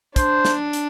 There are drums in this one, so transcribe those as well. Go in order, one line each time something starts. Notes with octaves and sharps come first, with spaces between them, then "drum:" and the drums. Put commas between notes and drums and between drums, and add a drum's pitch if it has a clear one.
D4 C5, drum: kick, hi-hat
drum: snare
drum: hi-hat